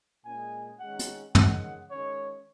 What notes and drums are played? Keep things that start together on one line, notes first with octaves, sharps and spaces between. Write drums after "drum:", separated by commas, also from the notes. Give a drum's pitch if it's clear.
A#2 G#3 C#4 G#5
D#3 G#3 C#4 F#5
drum: hi-hat
D#3 G#3 C#4 F#5, drum: tom
D#3 G#3 C#4 C#5